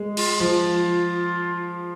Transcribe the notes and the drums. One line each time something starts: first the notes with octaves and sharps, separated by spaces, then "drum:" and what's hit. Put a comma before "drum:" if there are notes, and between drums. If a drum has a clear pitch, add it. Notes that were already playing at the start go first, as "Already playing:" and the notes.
Already playing: G#3
F4, drum: cymbal
F3 F4